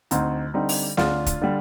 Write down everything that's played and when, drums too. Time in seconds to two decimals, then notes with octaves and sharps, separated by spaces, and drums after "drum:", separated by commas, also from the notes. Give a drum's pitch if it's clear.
0.11 D2 C4 D#4, drum: hi-hat
0.54 D3 G3 C4 D#4
0.69 drum: open hi-hat
0.97 D2 D4 F4, drum: snare
1.26 drum: kick, hi-hat
1.41 D3 G3